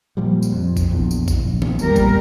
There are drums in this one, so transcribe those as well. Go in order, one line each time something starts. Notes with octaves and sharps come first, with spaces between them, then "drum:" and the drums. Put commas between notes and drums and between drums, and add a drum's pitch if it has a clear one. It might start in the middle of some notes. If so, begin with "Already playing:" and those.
A#2 F3 G3
drum: tambourine
F2
drum: kick G#1, tambourine
A#1 E2
drum: tambourine
drum: kick G#1, tambourine
A#1
drum: tom D#3
E2 A#2 G3 A#4, drum: tambourine
drum: kick G#1, tambourine